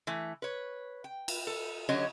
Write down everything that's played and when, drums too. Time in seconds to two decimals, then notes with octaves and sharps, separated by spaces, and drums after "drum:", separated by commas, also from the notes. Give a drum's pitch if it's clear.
0.07 E3 A3
0.42 B4 C#5
1.04 G5
1.28 drum: cymbal
1.47 A4
1.89 D3 F#3 C#4 G4 C#5 D#5